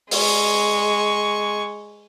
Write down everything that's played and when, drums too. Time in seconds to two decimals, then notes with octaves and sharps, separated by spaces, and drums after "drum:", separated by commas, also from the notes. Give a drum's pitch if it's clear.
0.11 G#3 C#6, drum: open hi-hat